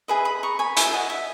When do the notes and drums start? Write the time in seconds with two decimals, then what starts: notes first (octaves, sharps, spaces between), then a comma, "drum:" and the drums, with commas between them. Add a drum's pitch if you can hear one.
0.08 G#4 B4 D#5 E5
0.25 B5 D#6
0.43 A#5 C#6
0.59 G#5 B5
0.77 E5 G#5, drum: hi-hat
0.93 D#5 F#5
1.10 E5